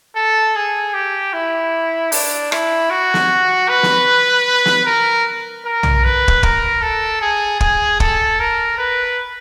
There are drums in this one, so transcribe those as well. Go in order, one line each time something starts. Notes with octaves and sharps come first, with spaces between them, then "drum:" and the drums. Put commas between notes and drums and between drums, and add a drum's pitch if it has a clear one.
A4
G#4
G4
E4
D4, drum: open hi-hat
E4, drum: rim click
F#4
drum: snare
B4
drum: snare
drum: snare
A#4
A#4
drum: tom
B4
drum: kick
A#4, drum: kick
A4
G#4
G#4, drum: kick
A4, drum: kick
A#4
B4